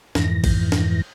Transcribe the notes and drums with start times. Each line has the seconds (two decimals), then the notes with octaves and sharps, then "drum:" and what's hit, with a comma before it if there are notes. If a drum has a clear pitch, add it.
0.15 F2 G#2 E3 A#6, drum: snare
0.44 drum: kick A1, cymbal
0.72 drum: snare